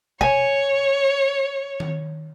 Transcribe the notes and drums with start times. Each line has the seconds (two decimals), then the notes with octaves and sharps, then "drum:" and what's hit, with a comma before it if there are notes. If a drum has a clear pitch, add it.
0.21 C#5 G#5, drum: kick G#1
1.80 drum: tom D#3